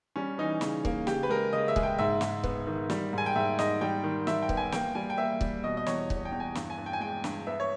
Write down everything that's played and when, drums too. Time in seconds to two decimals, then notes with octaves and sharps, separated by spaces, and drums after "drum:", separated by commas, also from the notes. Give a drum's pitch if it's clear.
0.16 G3 C#4
0.38 E3 D#4
0.61 C#3, drum: snare
0.85 A#3, drum: kick C#1
1.07 C#3 G4, drum: snare
1.23 B4
1.29 G#3 A#4
1.53 C#3 D#5
1.68 E5
1.76 G#3, drum: kick C#1
1.83 G5
1.98 G#2 E5
2.21 G#2, drum: snare
2.44 B3, drum: kick C#1
2.67 D#3
2.90 G3, drum: snare
3.13 G#2
3.18 G#5
3.26 G5
3.36 G#2 E5
3.59 G#2 D#5, drum: snare
3.81 G3 G5
4.04 D#3
4.27 G3 E5, drum: snare
4.42 G5
4.49 B3, drum: kick C#1
4.57 G#5
4.72 A#3 G5, drum: snare
4.95 G3 G#5
5.10 G5
5.18 A#3 E5
5.41 G3, drum: kick C#1
5.64 B2 D#5
5.77 D#5
5.86 E2 C#5, drum: snare
6.10 E2, drum: kick C#1
6.25 G5
6.32 E2
6.40 G#5
6.55 G2, drum: snare
6.70 G#5
6.78 G2
6.86 G5
6.93 G#5
7.00 G#3 G5
7.24 G2, drum: snare
7.47 B3 E5
7.60 C#5